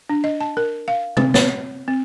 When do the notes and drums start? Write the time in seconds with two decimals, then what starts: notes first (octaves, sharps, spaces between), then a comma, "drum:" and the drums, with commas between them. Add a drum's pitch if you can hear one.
0.10 D4
0.24 D#5
0.41 A5
0.57 A#4
0.88 F5
1.17 C4, drum: tom
1.34 C#5, drum: snare
1.88 C4